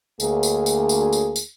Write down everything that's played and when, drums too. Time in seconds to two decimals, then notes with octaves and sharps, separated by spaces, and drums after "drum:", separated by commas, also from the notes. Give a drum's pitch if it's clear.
0.20 D2 A#3 G#4, drum: tambourine
0.43 drum: tambourine
0.66 drum: tambourine
0.89 drum: tambourine
1.13 drum: tambourine
1.36 drum: tambourine